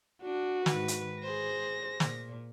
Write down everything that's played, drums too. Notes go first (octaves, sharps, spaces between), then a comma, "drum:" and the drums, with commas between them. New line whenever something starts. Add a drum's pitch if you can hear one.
D4 F#4
G#2 D#3 B4, drum: snare
drum: hi-hat
G#4 C5 A#6
A#2, drum: snare